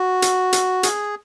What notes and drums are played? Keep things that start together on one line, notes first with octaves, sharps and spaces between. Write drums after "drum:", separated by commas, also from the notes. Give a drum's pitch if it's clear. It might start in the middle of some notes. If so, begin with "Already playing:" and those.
Already playing: F#4
drum: hi-hat
drum: hi-hat
G#4, drum: hi-hat